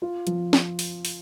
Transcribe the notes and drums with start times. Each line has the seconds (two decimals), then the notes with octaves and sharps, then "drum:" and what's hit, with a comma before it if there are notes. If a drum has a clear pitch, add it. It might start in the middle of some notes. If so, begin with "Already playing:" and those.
0.02 F4
0.27 F3, drum: hi-hat
0.53 drum: snare
0.79 drum: open hi-hat
1.05 drum: open hi-hat